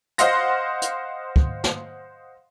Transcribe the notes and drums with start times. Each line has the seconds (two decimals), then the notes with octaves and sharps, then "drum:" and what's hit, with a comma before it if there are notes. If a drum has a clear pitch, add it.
0.18 C5 D#5 F5 F#5 C6 A#6, drum: hi-hat
0.82 drum: hi-hat
1.36 drum: kick
1.64 drum: snare